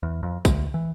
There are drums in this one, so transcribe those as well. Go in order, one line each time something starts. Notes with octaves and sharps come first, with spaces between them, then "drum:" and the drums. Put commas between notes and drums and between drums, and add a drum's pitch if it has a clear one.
E2
F2
D2, drum: kick B1, tambourine
E3